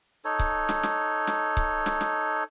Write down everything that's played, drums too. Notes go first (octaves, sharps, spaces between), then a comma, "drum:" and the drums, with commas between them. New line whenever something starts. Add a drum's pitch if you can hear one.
D#4 A4 C#5
drum: kick C#1
drum: snare
drum: snare
drum: snare
drum: kick C#1
drum: snare
drum: snare